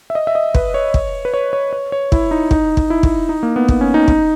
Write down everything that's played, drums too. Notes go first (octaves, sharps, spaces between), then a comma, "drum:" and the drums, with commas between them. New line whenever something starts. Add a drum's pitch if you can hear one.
E5
D#5
E5
D#5
B4, drum: kick
C#5
drum: kick
B4
C#5
C#5
C#5
C#5
E4, drum: kick
D#4
D#4, drum: kick
drum: kick
E4
drum: kick
D#4
A#3
B3
drum: kick
C#4
D#4
drum: kick